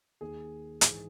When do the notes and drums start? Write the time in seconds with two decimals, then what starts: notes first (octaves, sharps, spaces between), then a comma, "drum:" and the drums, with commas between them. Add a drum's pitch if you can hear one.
0.21 D#2 D#3 G#4
0.81 G#2 E3 G#4, drum: hi-hat